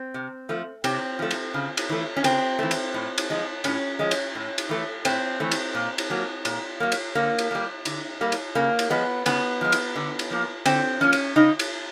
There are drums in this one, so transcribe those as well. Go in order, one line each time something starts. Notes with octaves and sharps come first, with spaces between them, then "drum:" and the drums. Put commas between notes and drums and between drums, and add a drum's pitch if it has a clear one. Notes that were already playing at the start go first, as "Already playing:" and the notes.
Already playing: C4
C3
F3 A3
C3 C4, drum: cymbal
F3 A3
drum: cymbal
C#3
drum: cymbal
E3 A3
C#4
C#3 C4, drum: cymbal
E3 A3
drum: cymbal
A2
drum: cymbal
F3 G#3
A2 C#4, drum: cymbal
F3 G#3
drum: cymbal
A2
drum: cymbal
E3 A3
A2 C4, drum: cymbal
E3 A3
drum: cymbal
A#2
drum: cymbal
F#3 A#3
A#2, drum: cymbal
F#3 A#3
drum: cymbal
D3 A#3
drum: cymbal
G3 A#3
D3, drum: cymbal
G3 A#3
drum: cymbal
C#3 A#3
drum: cymbal
F3 G#3 B3
C#3 B3, drum: cymbal
F3 G#3
drum: cymbal
D3
drum: cymbal
F3 A#3
D3 C4, drum: cymbal
F3 A#3 C#4
drum: cymbal
C#3 D#4
drum: cymbal